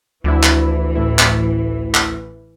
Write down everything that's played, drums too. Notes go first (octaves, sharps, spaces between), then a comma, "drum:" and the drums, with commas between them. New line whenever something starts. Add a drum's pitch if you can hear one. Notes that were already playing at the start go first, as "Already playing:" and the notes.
D2 E3 F3 D4 E4
drum: clap
A1 A2 E4
drum: clap
drum: clap